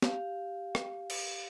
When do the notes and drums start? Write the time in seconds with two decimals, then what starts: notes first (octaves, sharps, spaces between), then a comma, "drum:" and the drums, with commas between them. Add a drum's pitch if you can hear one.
0.02 G4 F5, drum: snare
0.75 drum: rim click
1.10 drum: cymbal